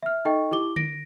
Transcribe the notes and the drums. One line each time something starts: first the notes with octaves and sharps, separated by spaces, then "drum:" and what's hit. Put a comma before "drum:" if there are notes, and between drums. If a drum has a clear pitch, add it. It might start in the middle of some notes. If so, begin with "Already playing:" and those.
E5 F6
D#4 A4 D#5 G5 C#6
E4 G4 D6 G7
A#6 D7, drum: tom D3